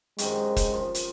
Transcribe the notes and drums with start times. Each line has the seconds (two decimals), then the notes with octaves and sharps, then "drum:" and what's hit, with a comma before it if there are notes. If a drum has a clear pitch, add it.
0.18 F#2 C3 D#3 G#3, drum: hi-hat
0.56 drum: kick, hi-hat
0.72 F3
0.95 drum: hi-hat